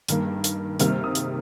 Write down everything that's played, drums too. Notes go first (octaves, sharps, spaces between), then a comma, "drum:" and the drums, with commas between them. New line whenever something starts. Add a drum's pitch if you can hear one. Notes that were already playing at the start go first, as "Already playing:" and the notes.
G2 D#3 A#3, drum: hi-hat
drum: hi-hat
C3 D#3 G3 A#3 F6, drum: hi-hat
D#6
drum: hi-hat